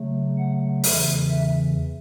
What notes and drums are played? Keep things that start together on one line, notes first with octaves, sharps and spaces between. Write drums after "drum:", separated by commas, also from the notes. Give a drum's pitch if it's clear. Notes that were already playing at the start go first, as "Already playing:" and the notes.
Already playing: C#3 F#3 A3
F#5
E2 C#3 E3 E5, drum: open hi-hat
E5